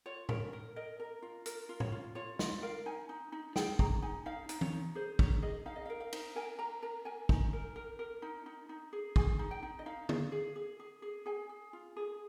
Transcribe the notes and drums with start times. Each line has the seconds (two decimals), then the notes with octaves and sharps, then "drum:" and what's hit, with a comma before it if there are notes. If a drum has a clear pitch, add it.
0.06 F4 C#5
0.29 A#4 C#5, drum: tom A2
0.53 A#4
0.76 A#4 D#5
0.99 A#4
1.22 F4
1.46 A#4, drum: hi-hat
1.69 F4
1.80 C#5, drum: tom A2
1.92 F4
2.15 F4 C#5
2.39 F4 D#5, drum: snare
2.62 A#4 F5
2.86 D#4 G#5
3.09 D#4
3.32 D#4
3.56 G#4 G5, drum: snare
3.79 G#4 A#5, drum: kick
4.02 D#4 G#5
4.26 D#4 F5
4.49 D#4, drum: hi-hat
4.61 C#5, drum: tom
4.73 D#4
4.95 G#4 C5
5.19 D#4 C#5, drum: kick
5.42 G#4 D#5
5.66 D#4 F5
5.76 D#5
5.85 F5
5.90 A#4
6.00 F5
6.13 D#4, drum: cymbal
6.35 A#4 G#5
6.59 A#4 A#5
6.82 A#4 A#5
7.05 A#4 G#5
7.29 D#4, drum: kick
7.53 A#4
7.76 A#4
7.99 A#4
8.22 D#4
8.46 D#4
8.69 D#4
8.93 G#4
9.16 G#4 G#5, drum: kick
9.39 D#4
9.51 G5
9.63 D#4
9.79 D#5
9.86 D#4 F5
10.09 G#4, drum: tom D3
10.32 G#4
10.56 G#4
10.80 G#4
11.02 G#4
11.26 G#4 G#5
11.49 G#4
11.73 F4
11.96 G#4